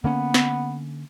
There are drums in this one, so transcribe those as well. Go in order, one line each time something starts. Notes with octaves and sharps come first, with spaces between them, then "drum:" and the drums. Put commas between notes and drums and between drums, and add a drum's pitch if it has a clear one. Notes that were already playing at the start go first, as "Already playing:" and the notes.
D3 A#3 B3 C#4
drum: snare